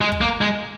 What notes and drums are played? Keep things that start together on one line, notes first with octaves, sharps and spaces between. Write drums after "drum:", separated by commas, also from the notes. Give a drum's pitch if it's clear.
G#3
drum: kick
A#3
G#3